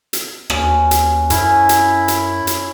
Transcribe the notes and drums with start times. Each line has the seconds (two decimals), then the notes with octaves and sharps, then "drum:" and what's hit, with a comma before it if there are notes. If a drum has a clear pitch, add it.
0.13 drum: hi-hat
0.50 D#2 C#4 F#4 B4, drum: rim click
0.91 drum: hi-hat
1.30 F#2 C#4 E4, drum: hi-hat
1.69 drum: hi-hat
2.08 drum: hi-hat
2.47 drum: hi-hat